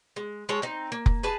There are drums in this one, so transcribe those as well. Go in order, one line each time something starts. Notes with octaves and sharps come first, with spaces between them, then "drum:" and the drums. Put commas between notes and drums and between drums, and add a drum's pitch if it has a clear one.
G#3
G#3 A4 C#5
C4 D#4
A#3
drum: kick F1
G#4 B4 A5